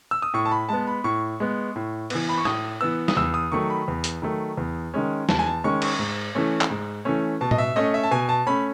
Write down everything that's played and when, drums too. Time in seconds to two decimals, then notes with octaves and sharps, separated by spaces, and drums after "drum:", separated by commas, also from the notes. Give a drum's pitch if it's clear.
0.11 E6
0.22 D#6
0.34 A2 C#6
0.45 A5
0.51 B5
0.69 G#3 B3 A5
0.87 B5
1.04 A2 C#6
1.40 G#3 B3
1.76 A2
2.10 E3 B3, drum: cymbal
2.29 B5
2.38 C#6
2.45 A2 D#6, drum: rim click
2.81 E3 B3 E6
3.08 D#6, drum: snare
3.16 E2 E6
3.34 D#6
3.52 D#3 F#3 A3 C#6
3.70 B5
3.88 E2
4.04 drum: hi-hat
4.22 D#3 F#3 A3
4.57 E2
4.94 D#3 G#3 C#4
5.29 E2 A5, drum: snare
5.39 G#5
5.46 A5
5.64 D#3 G#3 C#4 C#6
5.82 C#6, drum: cymbal
5.99 G#2
6.35 E3 A3 C#4
6.61 drum: clap
6.70 G#2
7.05 E3 A3 C#4
7.41 B2 A5
7.51 D#5, drum: tom A2
7.58 E5
7.76 A3 C#4 D#5
7.94 E5
8.03 A5
8.11 B2 G#5
8.29 A5
8.47 A3 C#4 B5